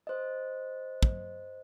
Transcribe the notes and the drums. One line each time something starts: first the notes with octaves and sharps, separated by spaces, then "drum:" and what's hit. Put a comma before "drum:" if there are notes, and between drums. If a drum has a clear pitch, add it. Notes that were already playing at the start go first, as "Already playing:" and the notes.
C5 D#5
drum: kick